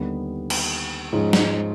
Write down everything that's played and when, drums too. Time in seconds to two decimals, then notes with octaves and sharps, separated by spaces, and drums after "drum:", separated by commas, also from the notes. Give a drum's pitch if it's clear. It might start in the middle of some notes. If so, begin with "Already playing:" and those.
Already playing: D#2 D3 G3 B3 D#4
0.50 drum: cymbal
1.13 G#2 F3 G#3 C#4
1.33 drum: snare